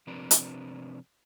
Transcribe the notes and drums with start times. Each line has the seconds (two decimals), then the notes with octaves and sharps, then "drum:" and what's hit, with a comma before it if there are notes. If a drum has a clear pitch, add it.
0.07 C3 F3 C4 D4 A#4 B4
0.31 drum: hi-hat